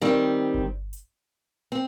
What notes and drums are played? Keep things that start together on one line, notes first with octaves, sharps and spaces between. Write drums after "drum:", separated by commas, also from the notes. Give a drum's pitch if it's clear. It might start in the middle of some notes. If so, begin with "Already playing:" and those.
D#3 G3 C4
drum: kick G1
drum: hi-hat
C4